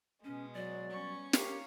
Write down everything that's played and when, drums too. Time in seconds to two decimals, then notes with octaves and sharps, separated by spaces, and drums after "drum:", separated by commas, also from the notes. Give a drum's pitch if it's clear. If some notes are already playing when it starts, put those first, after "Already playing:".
0.24 B2 G#3 C#4
0.54 F#3 D5
0.89 G3 B3 C#4 C#6
1.33 G4 A#4 C#5 F5 A#5, drum: snare